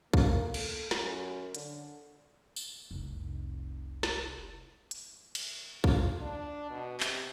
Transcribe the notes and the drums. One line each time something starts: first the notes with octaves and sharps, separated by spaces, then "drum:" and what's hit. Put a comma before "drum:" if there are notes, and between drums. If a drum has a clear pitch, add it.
A#3, drum: kick
A4, drum: cymbal
F#2, drum: snare
D3, drum: hi-hat
drum: tambourine
F1 C2
drum: snare
drum: hi-hat
drum: cymbal
F4, drum: kick
D4
B2
C3, drum: clap